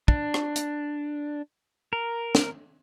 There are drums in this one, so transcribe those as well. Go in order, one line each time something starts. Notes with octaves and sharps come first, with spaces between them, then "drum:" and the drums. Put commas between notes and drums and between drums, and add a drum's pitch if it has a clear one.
D4, drum: kick
drum: rim click
drum: hi-hat
A#4
drum: snare